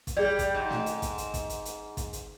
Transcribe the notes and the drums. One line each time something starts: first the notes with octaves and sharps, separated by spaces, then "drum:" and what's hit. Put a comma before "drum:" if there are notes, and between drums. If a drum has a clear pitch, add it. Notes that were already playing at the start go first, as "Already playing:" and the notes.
drum: kick, hi-hat
G3 G#4 D5
drum: kick, hi-hat
G#2
drum: snare
drum: hi-hat
drum: kick, hi-hat
drum: hi-hat
drum: kick, hi-hat
drum: hi-hat
drum: hi-hat
drum: kick, hi-hat
drum: hi-hat